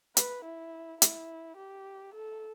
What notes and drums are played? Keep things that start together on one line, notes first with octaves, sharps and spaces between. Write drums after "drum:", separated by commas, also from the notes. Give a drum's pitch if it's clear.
B4, drum: hi-hat
E4
E4, drum: hi-hat
G4
A4